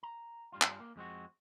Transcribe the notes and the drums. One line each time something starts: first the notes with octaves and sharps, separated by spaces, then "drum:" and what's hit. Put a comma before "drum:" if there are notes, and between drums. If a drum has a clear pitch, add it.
A#5
G2 G3 F4
drum: clap
A#3
F2 G#3 C4 F#4